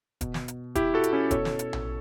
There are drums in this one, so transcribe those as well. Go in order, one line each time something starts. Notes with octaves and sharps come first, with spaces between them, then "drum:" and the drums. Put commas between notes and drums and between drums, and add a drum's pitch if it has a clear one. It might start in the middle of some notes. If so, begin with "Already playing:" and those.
B2, drum: kick E1, hi-hat
drum: snare
drum: hi-hat
E4 G4, drum: kick E1, hi-hat
F#4 A4
drum: hi-hat
C#4 E4
B2 A4 C#5, drum: kick E1, hi-hat
drum: snare
drum: hi-hat
drum: tom A#1